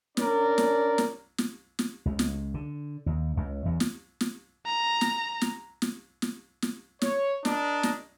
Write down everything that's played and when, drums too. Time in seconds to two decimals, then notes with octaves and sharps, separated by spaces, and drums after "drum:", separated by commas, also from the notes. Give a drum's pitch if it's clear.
0.17 C#4 D4 A#4 D5, drum: snare
0.58 drum: snare
0.98 drum: snare
1.38 drum: snare
1.79 drum: snare
2.06 C#2
2.19 drum: snare
2.54 D3
3.06 D#2
3.37 C#2
3.65 E2
3.80 drum: snare
4.21 drum: snare
4.66 A#5
5.01 drum: snare
5.41 drum: snare
5.82 drum: snare
6.22 drum: snare
6.62 drum: snare
7.02 C#5, drum: snare
7.45 D4 A#4 D#5, drum: snare
7.83 drum: snare